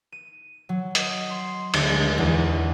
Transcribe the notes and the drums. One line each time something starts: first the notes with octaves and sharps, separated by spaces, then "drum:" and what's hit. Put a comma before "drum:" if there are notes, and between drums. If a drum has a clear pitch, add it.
D#7
F#3
D#5, drum: hi-hat
C6
D2, drum: cymbal
G#3
E2